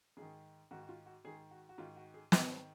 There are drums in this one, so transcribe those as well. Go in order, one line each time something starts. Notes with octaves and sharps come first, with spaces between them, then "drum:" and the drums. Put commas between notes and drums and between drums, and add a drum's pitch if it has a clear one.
G#2 D#3 G#4
G#2 D#3 F#4
F#4
F4
F#4
G#2 D#3 G#4
F#4
F#4
G#2 D#3 F4
F#4
G#4
G#2 D#3 A#4, drum: snare
C5